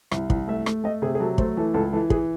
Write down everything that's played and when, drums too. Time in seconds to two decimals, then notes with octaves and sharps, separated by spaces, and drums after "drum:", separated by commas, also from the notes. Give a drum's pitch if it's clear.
0.11 C2, drum: rim click
0.30 C2, drum: kick
0.48 A3 E5
0.66 A3, drum: rim click
0.84 A3 D#5
1.02 C3 G#4
1.15 G#4
1.20 F#3 A4
1.38 A3 C5, drum: kick
1.57 E3 A4
1.74 C#2 A4
1.93 E3 A4
2.10 E3 G#4, drum: kick